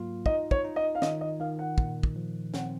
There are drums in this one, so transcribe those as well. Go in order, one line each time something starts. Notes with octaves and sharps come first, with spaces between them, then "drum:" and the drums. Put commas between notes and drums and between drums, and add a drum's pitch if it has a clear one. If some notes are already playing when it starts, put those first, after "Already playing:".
Already playing: G#2 F#3 A#3 F4
D#4 D#5, drum: kick
C#5, drum: kick
D#4
D#5
F5
D#3 D#5, drum: snare
D#5
D#3 F5
F#5
A#2, drum: kick
drum: kick
F3
C4 F#5, drum: snare